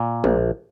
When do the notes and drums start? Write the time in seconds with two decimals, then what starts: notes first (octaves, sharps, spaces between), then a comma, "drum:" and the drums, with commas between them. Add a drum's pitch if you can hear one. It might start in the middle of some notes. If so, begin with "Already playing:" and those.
Already playing: A#2
0.24 A#1, drum: tom G#3